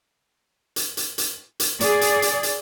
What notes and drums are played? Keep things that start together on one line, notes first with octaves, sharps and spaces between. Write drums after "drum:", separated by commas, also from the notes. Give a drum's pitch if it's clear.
drum: hi-hat
drum: hi-hat
drum: hi-hat
drum: hi-hat
G#4 D5, drum: hi-hat
drum: hi-hat
drum: hi-hat
drum: hi-hat